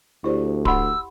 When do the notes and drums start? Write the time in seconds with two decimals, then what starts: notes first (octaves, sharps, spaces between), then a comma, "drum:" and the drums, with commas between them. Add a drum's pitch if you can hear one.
0.24 D2 E4 G4 C5 D5
0.65 F#5 B5 C6 E6, drum: kick D1